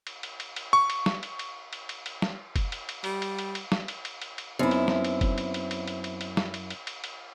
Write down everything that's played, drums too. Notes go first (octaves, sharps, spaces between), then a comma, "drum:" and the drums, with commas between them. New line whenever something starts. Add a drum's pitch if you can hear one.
drum: cymbal
drum: cymbal
drum: cymbal
drum: cymbal
C#6
drum: cymbal
drum: snare
drum: cymbal
drum: cymbal
drum: cymbal
drum: cymbal
drum: cymbal
drum: snare
drum: kick, cymbal
drum: cymbal
drum: cymbal
G3, drum: cymbal
drum: cymbal
drum: cymbal
drum: cymbal
drum: snare
drum: cymbal
drum: cymbal
drum: cymbal
drum: cymbal
F#2 B3 C4 D#4 E4
drum: cymbal
drum: snare
drum: cymbal
drum: kick, cymbal
drum: cymbal
drum: cymbal
drum: cymbal
drum: cymbal
drum: cymbal
drum: cymbal
drum: snare
drum: cymbal
drum: cymbal
drum: cymbal
drum: cymbal